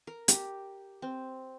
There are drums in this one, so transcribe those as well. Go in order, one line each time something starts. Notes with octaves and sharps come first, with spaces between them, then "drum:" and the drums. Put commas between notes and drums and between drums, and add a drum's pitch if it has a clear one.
A#4
G4, drum: hi-hat
C4